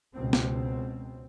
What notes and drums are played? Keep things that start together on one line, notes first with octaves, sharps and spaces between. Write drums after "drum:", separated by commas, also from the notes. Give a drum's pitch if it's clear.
C#2 B2 C4
drum: snare